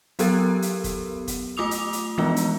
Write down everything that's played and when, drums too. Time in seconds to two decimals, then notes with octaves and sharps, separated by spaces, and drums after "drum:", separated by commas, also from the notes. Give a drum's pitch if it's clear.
0.19 F#3 B3 G4 A4 A#4, drum: hi-hat
0.62 drum: hi-hat
0.84 drum: kick, hi-hat
1.28 drum: kick, hi-hat
1.57 A3 F4 D6 D#6 F7
1.71 drum: hi-hat
1.93 drum: hi-hat
2.18 E3 F3 G#3 B3 F4
2.36 drum: hi-hat